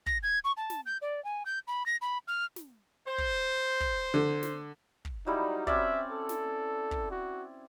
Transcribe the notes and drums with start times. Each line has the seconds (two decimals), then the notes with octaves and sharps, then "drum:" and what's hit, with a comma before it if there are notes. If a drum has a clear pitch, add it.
0.06 A#6, drum: kick
0.23 G#6
0.44 C#6
0.57 A5
0.70 drum: snare
0.86 G6
1.02 D5
1.25 G#5
1.46 G6
1.68 B5
1.86 A#6
2.02 B5
2.28 F6
2.56 drum: snare
3.07 C5
3.18 drum: kick
3.80 drum: kick
4.14 D3
4.43 drum: snare
5.05 drum: kick
5.27 F#3 G3 D#4 E4
5.67 C4 C#4 D5 E5, drum: kick
6.11 A4
6.29 drum: snare
6.91 drum: kick
7.11 F#4